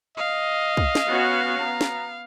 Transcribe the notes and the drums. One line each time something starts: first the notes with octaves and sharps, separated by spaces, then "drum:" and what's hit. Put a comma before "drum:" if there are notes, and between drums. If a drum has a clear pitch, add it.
D#5 F5
drum: kick
drum: snare
B3 C#4 F#4
B3 A#5
drum: snare